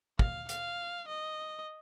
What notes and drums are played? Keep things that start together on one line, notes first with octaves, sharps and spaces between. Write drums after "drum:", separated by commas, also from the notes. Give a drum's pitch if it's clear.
F5, drum: kick
F5, drum: hi-hat
D#5